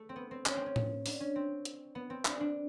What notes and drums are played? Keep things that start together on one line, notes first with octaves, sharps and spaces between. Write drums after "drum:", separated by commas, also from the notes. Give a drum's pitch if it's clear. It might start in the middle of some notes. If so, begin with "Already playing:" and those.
Already playing: A3
C4
B3
C4
C#4, drum: clap
C4
C#4
drum: tom A2
D4, drum: open hi-hat
C#4
C4
drum: hi-hat
B3
C4
D4, drum: clap
D4